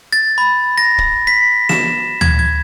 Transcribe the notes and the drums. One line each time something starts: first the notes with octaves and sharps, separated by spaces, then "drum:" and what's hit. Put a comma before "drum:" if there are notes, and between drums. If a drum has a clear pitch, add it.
A6
B5
A#6
drum: kick
B6
E7, drum: snare
G#6, drum: tom D2
G#6